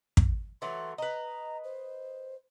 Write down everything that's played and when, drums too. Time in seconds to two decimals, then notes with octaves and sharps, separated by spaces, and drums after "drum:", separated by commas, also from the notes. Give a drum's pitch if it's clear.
0.17 drum: kick
0.62 E3 F#3 A3 C6
0.98 B4 D#5 A#5
1.64 C5